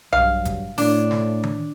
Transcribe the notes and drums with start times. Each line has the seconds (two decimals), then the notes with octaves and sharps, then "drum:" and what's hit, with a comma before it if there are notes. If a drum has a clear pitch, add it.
0.13 G2 F#3 F5, drum: tom B1
0.45 drum: kick, hi-hat
0.78 A2 D4, drum: open hi-hat
1.11 drum: snare
1.43 drum: tom D#3